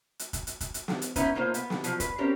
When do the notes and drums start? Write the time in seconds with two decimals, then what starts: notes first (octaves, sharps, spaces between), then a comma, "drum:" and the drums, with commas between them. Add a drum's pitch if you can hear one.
0.19 drum: hi-hat
0.33 drum: kick, hi-hat
0.47 drum: hi-hat
0.61 drum: kick, hi-hat
0.74 drum: hi-hat
0.88 drum: snare
1.02 drum: hi-hat
1.16 B3 C#4 D#4 E4 B4, drum: kick, hi-hat
1.35 A2 A#3 D#4 F4 C5
1.54 B3, drum: hi-hat
1.70 drum: snare
1.84 F3 F#3, drum: hi-hat
2.00 B4, drum: kick, hi-hat
2.18 C4 C#4 G4 A#4